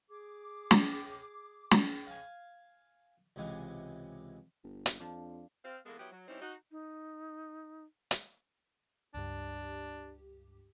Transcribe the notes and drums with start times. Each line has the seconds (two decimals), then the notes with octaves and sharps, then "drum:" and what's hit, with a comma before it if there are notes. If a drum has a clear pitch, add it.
0.10 G#4 D6
0.71 drum: snare
1.71 drum: snare
2.07 F5 G#5
3.36 C#2 C3 E3 G#3
4.64 G1
4.86 drum: hi-hat
5.00 F2 F3 D4
5.65 C4 F5
5.86 E3 G#3 A#3 B3 A4
5.99 F#3 B3 E4 G4
6.12 F#3
6.28 G3 C4 C#4 D#4 E4
6.42 D#4 F#4
6.71 D#4
8.11 drum: hi-hat
9.14 C#2 G2 D4 G4